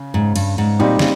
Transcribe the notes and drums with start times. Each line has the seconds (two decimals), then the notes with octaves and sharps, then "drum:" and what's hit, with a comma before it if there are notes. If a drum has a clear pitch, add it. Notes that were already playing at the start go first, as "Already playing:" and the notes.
Already playing: C#3
0.14 G#2
0.36 G2, drum: cymbal
0.58 G#2
0.79 A#2 G3 C4 D#4 G4
0.99 C#3, drum: snare